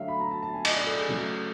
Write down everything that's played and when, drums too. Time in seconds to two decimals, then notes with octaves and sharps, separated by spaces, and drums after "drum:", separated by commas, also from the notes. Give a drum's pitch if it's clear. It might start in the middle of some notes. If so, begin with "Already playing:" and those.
Already playing: D3 F#3 A3 E5 F5
0.08 B5
0.20 A#5
0.31 A5
0.42 A5
0.54 G#5
0.65 D#5, drum: cymbal
0.76 D5
0.87 A4
0.98 G#4
1.09 C#3 F#3 A3 F#4